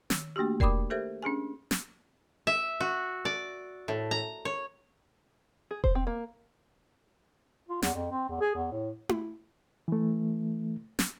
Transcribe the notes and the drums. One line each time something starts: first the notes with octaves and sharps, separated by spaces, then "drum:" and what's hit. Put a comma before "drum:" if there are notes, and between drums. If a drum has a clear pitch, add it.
D#3, drum: snare
A3 A#3 D4 F#4 G4
A#4 D5 G5 B5 D6 D#6, drum: kick E1
G4 A4 A#4 C5 E5
C#4 D4 G#4 G#5
drum: snare
E5
F#4
D5
A2
A#5
C#5
G#4
C5, drum: kick E1
C4
A#3
F4
E2, drum: snare
F2
C4
E2
G#4
E2
A2
drum: tom E4
E3 A3
drum: snare